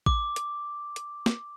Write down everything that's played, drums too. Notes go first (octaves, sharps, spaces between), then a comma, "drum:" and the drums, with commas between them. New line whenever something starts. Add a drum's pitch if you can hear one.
D6, drum: kick A1
drum: hi-hat
drum: hi-hat
drum: snare